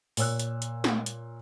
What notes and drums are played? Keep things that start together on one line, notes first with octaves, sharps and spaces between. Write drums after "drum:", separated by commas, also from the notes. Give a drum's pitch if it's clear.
A#2 C#5 E6 F#6, drum: open hi-hat
drum: hi-hat
drum: hi-hat
drum: snare
drum: hi-hat